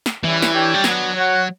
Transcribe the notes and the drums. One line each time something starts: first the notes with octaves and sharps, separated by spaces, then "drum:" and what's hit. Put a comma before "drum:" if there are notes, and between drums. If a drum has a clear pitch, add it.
drum: snare
E3 G3 C#4 E4
drum: snare
D4 G4 C#5 G5
G3
F#3 B3 D4 F#4, drum: snare
F#4 C#5 F#5